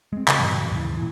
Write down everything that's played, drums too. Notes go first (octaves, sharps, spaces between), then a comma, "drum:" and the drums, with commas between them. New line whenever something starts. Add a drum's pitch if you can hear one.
G#3 C4
C#3, drum: clap
G2 A#2 E3 F#3
D#2 G#2 C#3 E3
A#2 E3